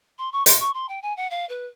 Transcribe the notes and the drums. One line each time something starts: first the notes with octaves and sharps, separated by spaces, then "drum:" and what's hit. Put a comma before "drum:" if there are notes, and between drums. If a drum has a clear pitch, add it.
C6
C#6
C6, drum: hi-hat
C#6
C6
G5
G#5
F#5
F5
B4